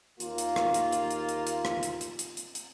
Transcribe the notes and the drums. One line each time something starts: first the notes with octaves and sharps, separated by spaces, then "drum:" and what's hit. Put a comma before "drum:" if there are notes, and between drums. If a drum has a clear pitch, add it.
D#2 A#3 F4, drum: hi-hat
drum: hi-hat
drum: rim click
drum: hi-hat
drum: hi-hat
drum: hi-hat
drum: hi-hat
drum: hi-hat
drum: rim click
drum: hi-hat
drum: hi-hat
drum: hi-hat
drum: hi-hat
drum: hi-hat